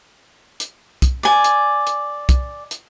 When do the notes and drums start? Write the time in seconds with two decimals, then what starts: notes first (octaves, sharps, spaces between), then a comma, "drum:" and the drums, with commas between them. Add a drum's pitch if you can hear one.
0.60 drum: hi-hat
1.02 drum: kick, hi-hat
1.23 D5 G#5
1.44 drum: hi-hat
1.87 drum: hi-hat
2.29 drum: kick, hi-hat
2.71 drum: hi-hat